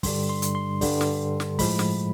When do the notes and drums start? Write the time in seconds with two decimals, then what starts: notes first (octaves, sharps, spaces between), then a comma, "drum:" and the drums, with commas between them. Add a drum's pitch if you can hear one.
0.03 G2 D3 G3 C6, drum: kick, open hi-hat
0.29 C6
0.42 drum: hi-hat
0.55 C6
0.81 G2 D3 G3, drum: kick, open hi-hat
1.01 drum: snare
1.40 drum: snare
1.59 A2 F3 G#3 B5, drum: kick, open hi-hat
1.79 drum: snare